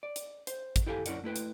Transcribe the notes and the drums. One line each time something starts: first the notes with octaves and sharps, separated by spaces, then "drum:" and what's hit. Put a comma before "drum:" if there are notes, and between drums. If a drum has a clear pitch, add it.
D5
drum: hi-hat
C5, drum: hi-hat
drum: kick, hi-hat
E4 G4 A4 F5 G5 G#5
F#3 C#4 E4 A#4 D5 F#5, drum: hi-hat
A3 E4 B4 G5
drum: hi-hat